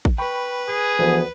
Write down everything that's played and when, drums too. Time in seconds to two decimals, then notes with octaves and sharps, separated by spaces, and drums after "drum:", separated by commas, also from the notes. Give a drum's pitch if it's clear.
0.05 drum: kick A1
0.18 B4 G5 B5 C#6
0.69 G#4
0.99 D2 E3 F3 B3